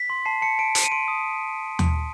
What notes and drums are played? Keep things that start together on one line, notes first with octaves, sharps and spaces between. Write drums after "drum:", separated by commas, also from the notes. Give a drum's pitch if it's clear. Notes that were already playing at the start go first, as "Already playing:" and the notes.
Already playing: B6
C6
A5 C7
A5 C#7
A5 D7
A5, drum: hi-hat
D#7
C6 D7
D#6
drum: tom D#2